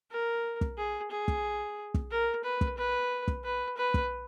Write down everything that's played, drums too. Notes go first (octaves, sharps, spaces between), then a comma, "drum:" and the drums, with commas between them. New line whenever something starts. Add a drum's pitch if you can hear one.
A#4
drum: kick
G#4
G#4
drum: kick
drum: kick
A#4
B4
drum: kick
B4
drum: kick
B4
B4
drum: kick